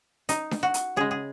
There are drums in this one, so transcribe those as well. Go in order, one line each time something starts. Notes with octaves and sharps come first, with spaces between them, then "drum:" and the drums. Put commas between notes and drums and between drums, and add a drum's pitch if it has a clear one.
D#4, drum: hi-hat
drum: snare D4
F#4
drum: hi-hat
C#3 G#3 G#4
G#4